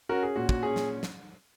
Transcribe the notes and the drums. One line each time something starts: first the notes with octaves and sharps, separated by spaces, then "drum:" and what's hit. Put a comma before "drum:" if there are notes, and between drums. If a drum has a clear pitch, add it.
C#4 F#4 A#4
G#4
A#2 F#4
F#4, drum: kick
C#4 G#4
drum: snare
drum: snare